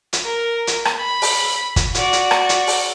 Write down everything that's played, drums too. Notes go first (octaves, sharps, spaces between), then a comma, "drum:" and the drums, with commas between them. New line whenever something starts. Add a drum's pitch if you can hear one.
drum: hi-hat
A#4
drum: hi-hat
drum: rim click
B5
drum: open hi-hat
drum: kick G1, hi-hat
F#4 D5, drum: hi-hat
drum: hi-hat
drum: rim click
drum: hi-hat
drum: open hi-hat